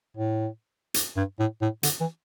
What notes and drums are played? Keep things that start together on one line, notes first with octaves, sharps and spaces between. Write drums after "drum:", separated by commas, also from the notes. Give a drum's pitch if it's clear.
A2
drum: hi-hat
G2
A2
A2
D3, drum: hi-hat
E3